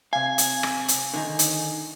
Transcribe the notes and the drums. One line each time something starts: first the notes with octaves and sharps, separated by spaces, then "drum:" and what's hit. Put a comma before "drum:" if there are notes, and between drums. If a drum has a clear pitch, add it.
C3 F5 G#5
drum: hi-hat
drum: rim click
drum: hi-hat
D3 D#3 D#4
drum: hi-hat